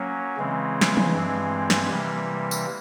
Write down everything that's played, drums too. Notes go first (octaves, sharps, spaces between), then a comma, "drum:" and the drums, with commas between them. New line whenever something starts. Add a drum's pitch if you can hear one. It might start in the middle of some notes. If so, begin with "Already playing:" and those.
Already playing: F#3 A#3 C#4
C#3 E3 G#3 C4
drum: snare
drum: tom E3
G2 E3 G#3 C4
drum: snare
C3 E3 G3 A#3
drum: tambourine